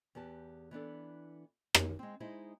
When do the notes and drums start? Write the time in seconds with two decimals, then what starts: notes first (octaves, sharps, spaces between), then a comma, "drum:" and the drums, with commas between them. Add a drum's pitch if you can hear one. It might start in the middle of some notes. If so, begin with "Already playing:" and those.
0.15 E2 B3 G4 A5
0.71 E3 B3 D4 A4
1.75 E3, drum: rim click
1.99 G#3 C4
2.20 G#3 D#4 E4 G#4 C5